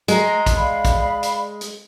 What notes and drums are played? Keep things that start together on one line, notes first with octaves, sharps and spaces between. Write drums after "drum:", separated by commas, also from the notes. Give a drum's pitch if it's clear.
G#3 A#5, drum: hi-hat
drum: kick, hi-hat
D5 F5 B5
drum: kick, hi-hat
drum: hi-hat
drum: hi-hat